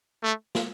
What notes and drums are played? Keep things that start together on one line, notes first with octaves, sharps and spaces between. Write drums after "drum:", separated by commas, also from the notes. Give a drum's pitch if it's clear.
A3
drum: snare